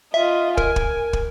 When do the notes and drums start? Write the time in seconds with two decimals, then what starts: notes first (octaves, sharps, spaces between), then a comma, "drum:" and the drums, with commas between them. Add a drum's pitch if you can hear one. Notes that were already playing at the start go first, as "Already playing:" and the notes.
0.14 F4 D#5 E5
0.57 A#4 G#5, drum: kick
0.76 drum: kick
1.13 drum: kick